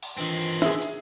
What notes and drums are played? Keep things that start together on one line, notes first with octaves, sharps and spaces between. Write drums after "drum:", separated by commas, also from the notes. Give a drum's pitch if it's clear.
drum: open hi-hat
D#3 E3 C4 D4 F4
drum: hi-hat
G#4 E5, drum: snare
drum: hi-hat